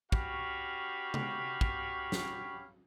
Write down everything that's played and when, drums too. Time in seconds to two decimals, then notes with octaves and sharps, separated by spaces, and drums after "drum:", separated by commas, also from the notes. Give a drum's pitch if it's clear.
0.12 C#4 F#4 G4 F5 B5 C#6, drum: kick
1.14 drum: tom
1.61 drum: kick
2.12 drum: snare